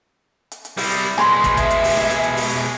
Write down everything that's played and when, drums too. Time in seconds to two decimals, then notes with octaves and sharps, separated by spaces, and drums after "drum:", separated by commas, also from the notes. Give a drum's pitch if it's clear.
0.52 drum: hi-hat
0.65 drum: hi-hat
0.77 G3 E4, drum: open hi-hat
0.91 drum: hi-hat
1.18 B2 G#3 G#5 B5 C6, drum: rim click
1.44 drum: kick, hi-hat
1.57 E5, drum: kick, hi-hat
1.71 drum: hi-hat
1.84 drum: open hi-hat
1.97 drum: rim click
2.10 drum: hi-hat
2.23 drum: hi-hat
2.37 drum: open hi-hat
2.50 drum: hi-hat